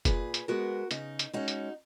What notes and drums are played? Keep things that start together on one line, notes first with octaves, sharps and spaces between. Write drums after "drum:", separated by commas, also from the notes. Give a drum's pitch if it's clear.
A#2 G#4 B4, drum: kick, hi-hat
drum: hi-hat
G#3 B3 F#4 A#4
C#3 D#4, drum: hi-hat
drum: hi-hat
G#3 C#4 D#4 F#4
drum: hi-hat